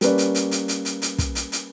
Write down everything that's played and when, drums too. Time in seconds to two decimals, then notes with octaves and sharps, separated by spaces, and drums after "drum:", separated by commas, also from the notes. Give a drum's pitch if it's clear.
0.01 G3 A#3 C#4 B4 D5, drum: hi-hat
0.18 drum: hi-hat
0.35 drum: hi-hat
0.51 drum: hi-hat
0.68 drum: hi-hat
0.85 drum: hi-hat
1.02 drum: hi-hat
1.18 drum: kick, hi-hat
1.35 drum: hi-hat
1.52 drum: hi-hat